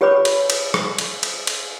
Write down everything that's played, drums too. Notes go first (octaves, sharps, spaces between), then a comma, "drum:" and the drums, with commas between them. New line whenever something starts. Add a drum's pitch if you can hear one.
F4 G4 B4 C#5 B5 D6
drum: cymbal
drum: cymbal
drum: rim click
drum: cymbal
drum: cymbal
drum: cymbal